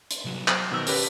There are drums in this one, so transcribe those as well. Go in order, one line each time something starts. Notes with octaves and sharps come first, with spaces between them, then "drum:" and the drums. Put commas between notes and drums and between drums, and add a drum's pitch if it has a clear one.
drum: hi-hat
C2 F#3
F#3 C5, drum: clap
B2 D#3 A#4 E6
C#4 G4 B4, drum: open hi-hat